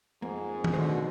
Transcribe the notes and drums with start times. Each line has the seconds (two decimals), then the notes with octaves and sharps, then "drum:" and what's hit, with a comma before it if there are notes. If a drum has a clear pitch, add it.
0.22 F2 G#2 A#3
0.64 drum: tom D#3
0.74 B2 D3 A3 D#4 C5